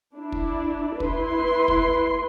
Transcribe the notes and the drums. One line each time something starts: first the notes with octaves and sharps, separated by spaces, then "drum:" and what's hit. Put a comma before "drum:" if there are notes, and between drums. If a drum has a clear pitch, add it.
D4 E4
drum: kick
E4 B4 C6, drum: kick
drum: kick